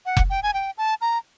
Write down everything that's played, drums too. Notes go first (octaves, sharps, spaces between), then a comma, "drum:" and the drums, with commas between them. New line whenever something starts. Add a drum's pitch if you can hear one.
F#5
drum: kick F1
G5
G#5
G5
A5
A#5